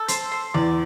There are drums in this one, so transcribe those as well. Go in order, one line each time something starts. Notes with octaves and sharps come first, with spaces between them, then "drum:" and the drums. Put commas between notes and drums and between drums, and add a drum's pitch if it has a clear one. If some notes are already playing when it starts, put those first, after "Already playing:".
Already playing: A4
C5, drum: hi-hat
C5
E2 D5